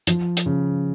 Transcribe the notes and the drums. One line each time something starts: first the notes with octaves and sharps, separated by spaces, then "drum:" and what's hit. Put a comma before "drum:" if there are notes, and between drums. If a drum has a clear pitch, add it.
F3, drum: hi-hat
drum: hi-hat
C#3